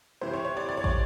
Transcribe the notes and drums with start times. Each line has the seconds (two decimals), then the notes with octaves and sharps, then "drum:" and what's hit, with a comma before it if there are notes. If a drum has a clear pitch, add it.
0.21 C3 E3 C5
0.34 C#5
0.45 C#5
0.57 D5
0.69 D5
0.77 C#5
0.84 D5, drum: kick